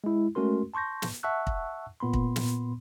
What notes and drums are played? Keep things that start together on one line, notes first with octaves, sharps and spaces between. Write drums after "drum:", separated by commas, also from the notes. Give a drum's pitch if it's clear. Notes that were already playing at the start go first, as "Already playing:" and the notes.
G#3 E4
G#3 A3 C#4 F#4 A#4 C6
A5 C6 C#6 G6 A#6
drum: snare
E5 F#5 A5 C#6 E6 F#6
drum: kick
A#2 B3 B5 C6
drum: kick
drum: snare